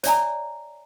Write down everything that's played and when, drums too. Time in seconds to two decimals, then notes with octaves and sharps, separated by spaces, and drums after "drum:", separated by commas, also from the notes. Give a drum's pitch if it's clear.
0.03 C#5 D5 E5 G#5 A#5, drum: hi-hat